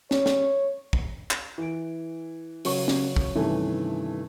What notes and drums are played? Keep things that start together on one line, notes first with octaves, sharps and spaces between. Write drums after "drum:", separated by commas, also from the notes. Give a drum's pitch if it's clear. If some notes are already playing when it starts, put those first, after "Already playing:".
C#5, drum: snare
drum: snare
drum: kick
drum: clap
E3 D7
C#3 F#3 C#5 C#6, drum: open hi-hat
drum: snare
drum: kick
G2 C3 D#3 E3 A3 C#4